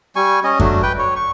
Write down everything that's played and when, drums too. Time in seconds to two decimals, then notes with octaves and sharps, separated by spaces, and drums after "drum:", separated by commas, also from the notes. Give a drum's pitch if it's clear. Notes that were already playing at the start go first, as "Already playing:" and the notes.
0.16 G3 G#5 C#6
0.44 C#4 D#5
0.60 F#3 A3 D4, drum: kick F#2
0.83 B4 G5
0.99 C#5
1.16 C#6